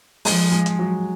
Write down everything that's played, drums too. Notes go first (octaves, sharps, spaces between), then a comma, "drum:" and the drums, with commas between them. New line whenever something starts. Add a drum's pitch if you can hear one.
F3 G#3, drum: open hi-hat
G#3
drum: hi-hat
F#3